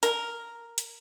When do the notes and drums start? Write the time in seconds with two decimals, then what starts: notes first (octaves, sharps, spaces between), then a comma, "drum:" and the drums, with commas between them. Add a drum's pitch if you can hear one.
0.03 A#4, drum: hi-hat
0.78 drum: hi-hat